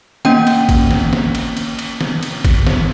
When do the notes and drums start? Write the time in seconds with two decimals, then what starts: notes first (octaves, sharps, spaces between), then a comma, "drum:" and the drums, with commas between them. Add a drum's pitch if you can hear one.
0.25 A#3 C#4 G5, drum: snare
0.47 drum: cymbal
0.69 drum: kick, cymbal
0.91 drum: snare
1.13 drum: snare
1.35 drum: cymbal
1.57 drum: cymbal
1.79 drum: cymbal
2.01 drum: snare
2.23 drum: cymbal
2.45 drum: kick, cymbal
2.67 drum: snare